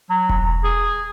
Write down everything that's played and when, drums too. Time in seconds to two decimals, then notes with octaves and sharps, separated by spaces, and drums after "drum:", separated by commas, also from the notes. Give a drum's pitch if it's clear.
0.10 F#3
0.29 drum: kick E1
0.64 G#4